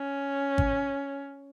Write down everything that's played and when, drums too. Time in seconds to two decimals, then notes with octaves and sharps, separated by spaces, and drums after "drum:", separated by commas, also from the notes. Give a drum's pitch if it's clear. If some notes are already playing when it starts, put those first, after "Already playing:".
Already playing: C#4
0.58 drum: kick